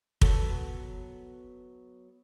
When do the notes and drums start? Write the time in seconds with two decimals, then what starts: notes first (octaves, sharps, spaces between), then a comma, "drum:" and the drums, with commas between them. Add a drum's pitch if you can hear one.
0.21 F#3 B3 A4, drum: kick